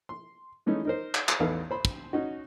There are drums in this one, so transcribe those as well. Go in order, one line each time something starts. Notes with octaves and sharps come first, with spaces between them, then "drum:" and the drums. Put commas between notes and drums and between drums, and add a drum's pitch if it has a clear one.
C6
E3 G#3 A3 C#4 D#4 E4
D#4 A#4 C5
drum: clap
drum: clap
A1 E2 B3 D#4 A4 F5
C5 B5 C6
drum: kick
C#4 D#4 F#4